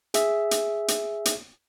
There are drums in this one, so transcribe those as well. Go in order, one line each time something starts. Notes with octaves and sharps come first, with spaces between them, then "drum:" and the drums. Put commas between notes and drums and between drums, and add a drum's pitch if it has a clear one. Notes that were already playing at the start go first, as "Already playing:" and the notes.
G#4 E5, drum: hi-hat
drum: hi-hat
drum: hi-hat
drum: hi-hat